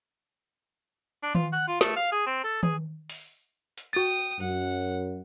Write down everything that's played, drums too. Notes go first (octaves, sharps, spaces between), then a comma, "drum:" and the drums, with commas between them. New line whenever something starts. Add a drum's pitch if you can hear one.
D4
F4, drum: tom D#3
F#5
F4
A3, drum: snare
F5
G#4
C4
A4
G#4, drum: tom D#3
drum: open hi-hat
drum: hi-hat
F#4 G5 D#6 A6
F#2 F#5